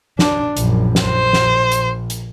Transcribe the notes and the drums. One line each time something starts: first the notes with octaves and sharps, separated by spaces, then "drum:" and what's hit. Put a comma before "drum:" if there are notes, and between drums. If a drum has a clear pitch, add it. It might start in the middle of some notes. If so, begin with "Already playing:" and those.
D4, drum: snare
A#1 F#2, drum: hi-hat
drum: snare
A#1 C5
drum: snare
drum: hi-hat
drum: hi-hat